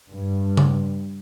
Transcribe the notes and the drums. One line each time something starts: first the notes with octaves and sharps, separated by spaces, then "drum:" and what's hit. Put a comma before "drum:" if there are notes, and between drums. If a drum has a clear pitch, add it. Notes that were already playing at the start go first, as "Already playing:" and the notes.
G2
drum: tom C#3